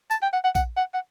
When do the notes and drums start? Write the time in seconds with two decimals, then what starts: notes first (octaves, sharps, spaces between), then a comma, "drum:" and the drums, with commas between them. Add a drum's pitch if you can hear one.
0.11 A5, drum: tambourine
0.22 G5
0.33 F#5
0.44 F#5
0.55 F#5, drum: kick, tambourine
0.77 F#5
0.94 F#5